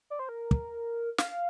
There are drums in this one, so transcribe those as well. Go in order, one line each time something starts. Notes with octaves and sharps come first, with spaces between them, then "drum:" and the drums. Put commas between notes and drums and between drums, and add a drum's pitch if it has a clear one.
D5
C5
A#4
drum: kick
F5, drum: snare